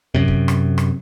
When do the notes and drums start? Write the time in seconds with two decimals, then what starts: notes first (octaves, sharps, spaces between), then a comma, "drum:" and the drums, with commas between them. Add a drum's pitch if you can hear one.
0.15 F#2 C3
0.28 drum: kick
0.48 drum: rim click
0.78 drum: rim click